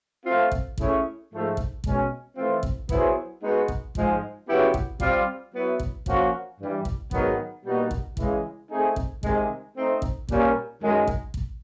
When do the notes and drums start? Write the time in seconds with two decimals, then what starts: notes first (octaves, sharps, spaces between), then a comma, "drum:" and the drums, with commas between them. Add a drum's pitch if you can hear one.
0.25 A3 C4 F4
0.52 drum: kick
0.78 A3 C#4 E4 G#4 C#5, drum: kick
1.31 G#2 F3 A3
1.57 drum: kick
1.84 B2 G#3 C#4, drum: kick
2.37 E3 A3 C4 F4
2.63 drum: kick
2.89 F#3 B3 E4 G#4 C5, drum: kick
3.42 G#3 B3 D#4 F#4
3.68 drum: kick
3.95 G#2 F3 G#3, drum: kick
4.48 C#3 F#3 B3 E4 G4
4.74 drum: kick
5.00 G3 C4 F4, drum: kick
5.53 F#3 B3 E4
5.80 drum: kick
6.06 F3 A#3 C#4 F#4, drum: kick
6.59 G2 E3 G3
6.85 drum: kick
7.11 G#2 D#3 F#3 B3, drum: kick
7.64 A#2 G3 B3 D#4 F#4
7.91 drum: kick
8.17 C#3 E3 G#3, drum: kick
8.70 A3 C4 D#4 G#4
8.96 drum: kick
9.23 C3 D#3 G#3, drum: kick
9.75 A3 C4 D#4
10.02 drum: kick
10.29 A#2 G3 A#3 C#4, drum: kick
10.81 F#2 D#3 G#3
11.08 drum: kick
11.34 drum: kick